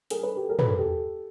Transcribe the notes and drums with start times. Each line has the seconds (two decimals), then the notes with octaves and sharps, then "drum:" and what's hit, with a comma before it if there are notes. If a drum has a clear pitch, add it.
0.10 G#4 A#4, drum: hi-hat
0.23 A4 B4
0.36 G4 A4
0.49 G#4 A#4
0.59 A4 B4, drum: tom
0.68 G#4 A#4
0.78 G4 A4